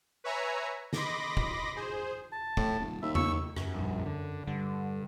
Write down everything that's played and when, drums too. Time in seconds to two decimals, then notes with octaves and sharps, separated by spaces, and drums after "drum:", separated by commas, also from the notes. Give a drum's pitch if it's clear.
0.24 B4 C#5 E5 G#5 A#5
0.93 D#5 B5 C6 D6 A#6, drum: snare
1.37 drum: kick
1.76 G#4 C5
2.32 A5
2.57 A2, drum: kick
2.80 D#1
3.02 D#2 E5
3.15 C#6 E6, drum: tom E2
3.57 F#2, drum: rim click
3.75 A#1 G2
4.05 D3
4.47 G2 D3